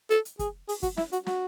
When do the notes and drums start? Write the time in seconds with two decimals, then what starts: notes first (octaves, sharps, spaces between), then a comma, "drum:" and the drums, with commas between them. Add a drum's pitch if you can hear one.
0.10 A4, drum: hi-hat
0.25 drum: hi-hat
0.39 G#4, drum: kick, hi-hat
0.69 G#4, drum: open hi-hat
0.83 F#4, drum: kick, hi-hat
0.97 E4, drum: snare
1.12 F#4, drum: hi-hat
1.26 F#4, drum: snare